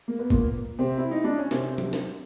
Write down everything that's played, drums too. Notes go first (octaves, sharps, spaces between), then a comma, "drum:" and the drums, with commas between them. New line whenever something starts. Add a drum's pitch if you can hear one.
A#3
B3
A#2 A#3, drum: kick G1
C3 C4
E4
D#4
D4
C#4
C3 C4, drum: snare
drum: tom F#3
drum: snare